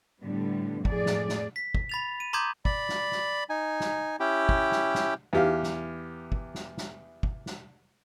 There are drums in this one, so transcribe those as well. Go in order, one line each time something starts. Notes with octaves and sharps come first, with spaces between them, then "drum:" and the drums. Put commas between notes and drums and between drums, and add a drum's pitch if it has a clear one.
A2 D3 G3 B3
F2 A2 G#4 D5, drum: kick
drum: snare
drum: snare
B6
drum: kick
B5 A6 F7
D#7
A#5 C6 D6 D#6 G6 G#6
D5 B5, drum: kick
drum: snare
drum: snare
D#4 G#5
drum: snare
C#4 E4 G4 G5
drum: kick
drum: snare
drum: snare
E2 G4 F5
drum: snare
drum: kick
drum: snare
drum: snare
drum: kick
drum: snare